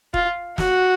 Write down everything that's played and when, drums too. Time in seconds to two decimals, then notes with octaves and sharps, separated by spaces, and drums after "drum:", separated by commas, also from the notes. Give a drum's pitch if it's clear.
0.14 F4, drum: kick E1
0.58 F#4, drum: snare